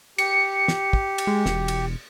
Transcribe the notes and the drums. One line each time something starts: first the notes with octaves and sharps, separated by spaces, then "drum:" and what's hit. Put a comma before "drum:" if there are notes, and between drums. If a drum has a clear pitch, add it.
G4 C#7, drum: cymbal
drum: snare
drum: kick
drum: cymbal
G#3
E1, drum: snare
drum: cymbal